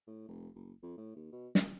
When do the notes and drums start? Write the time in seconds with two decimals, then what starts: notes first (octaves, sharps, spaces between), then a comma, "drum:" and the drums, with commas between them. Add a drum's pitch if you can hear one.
0.07 A2
0.28 F1
0.55 F#1
0.83 F2
0.97 A2
1.16 D#2
1.32 B2
1.55 A#1, drum: snare